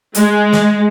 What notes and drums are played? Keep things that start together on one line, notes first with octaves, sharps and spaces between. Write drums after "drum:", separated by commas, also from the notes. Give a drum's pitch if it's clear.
G#3, drum: hi-hat
drum: snare